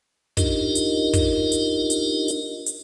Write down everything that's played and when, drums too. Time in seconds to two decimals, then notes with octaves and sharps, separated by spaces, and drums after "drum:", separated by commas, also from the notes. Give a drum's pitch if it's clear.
0.37 D4 D#4 F4 G4 A#4 D#5, drum: kick, hi-hat
0.75 drum: hi-hat
1.13 drum: kick, hi-hat
1.52 drum: hi-hat
1.90 drum: hi-hat
2.28 drum: hi-hat
2.66 drum: hi-hat